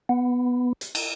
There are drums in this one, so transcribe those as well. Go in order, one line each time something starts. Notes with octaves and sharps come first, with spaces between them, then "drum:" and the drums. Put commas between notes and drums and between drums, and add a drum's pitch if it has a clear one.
B3
drum: hi-hat
drum: cymbal